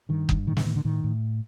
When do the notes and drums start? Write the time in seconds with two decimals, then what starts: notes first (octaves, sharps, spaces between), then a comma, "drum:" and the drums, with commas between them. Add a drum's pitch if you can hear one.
0.09 G2 D#3
0.29 G2, drum: kick F#1
0.47 A2 D#3
0.57 D3, drum: snare
0.65 A2 D#3
0.76 D3
0.85 A2 D#3
1.04 A2